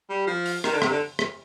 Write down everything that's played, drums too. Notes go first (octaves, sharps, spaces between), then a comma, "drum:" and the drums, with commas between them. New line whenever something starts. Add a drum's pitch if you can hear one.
G3
F3
drum: open hi-hat
D#3, drum: rim click
D3
C3, drum: rim click
D3
drum: rim click